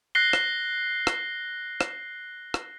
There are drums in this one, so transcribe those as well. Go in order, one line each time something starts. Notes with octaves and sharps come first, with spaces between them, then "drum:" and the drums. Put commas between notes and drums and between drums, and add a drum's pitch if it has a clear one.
F#6 A#6 C7 G7
drum: rim click
drum: rim click
drum: rim click
drum: rim click